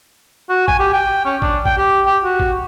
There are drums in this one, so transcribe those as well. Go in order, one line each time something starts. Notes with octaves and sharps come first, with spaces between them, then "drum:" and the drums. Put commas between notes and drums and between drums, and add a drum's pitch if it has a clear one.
F#4
G#5, drum: kick A1
G4
G5
C#4
D4, drum: kick A1
G5, drum: kick A1
G4
G4
F#4
drum: kick A1